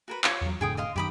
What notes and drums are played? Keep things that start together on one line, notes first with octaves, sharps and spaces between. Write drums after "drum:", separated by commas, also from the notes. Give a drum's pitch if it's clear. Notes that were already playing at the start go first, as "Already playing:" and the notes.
F#4 A#4 B4
F4 C#5 D6, drum: clap
E2 F#3
F1 A2 D3 G#4 G5 D#6
D#5 F5 C6
F#2 D#3 G4 B5 D#6